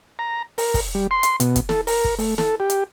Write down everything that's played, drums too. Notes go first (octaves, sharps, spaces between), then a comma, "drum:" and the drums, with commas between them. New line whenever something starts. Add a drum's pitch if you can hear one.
A#5
A#4, drum: open hi-hat
drum: kick, open hi-hat
G3
C6
drum: hi-hat
B2, drum: hi-hat
drum: kick, hi-hat
A4, drum: snare
A#4, drum: open hi-hat
drum: kick
A3, drum: open hi-hat
A4, drum: snare
G4
drum: hi-hat